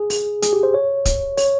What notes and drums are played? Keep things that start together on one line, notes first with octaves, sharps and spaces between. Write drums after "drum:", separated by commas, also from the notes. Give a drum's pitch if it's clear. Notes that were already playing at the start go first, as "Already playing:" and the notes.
Already playing: G#4
drum: open hi-hat
G#4, drum: hi-hat
G4
C5
C#5
drum: kick, hi-hat
C#5, drum: open hi-hat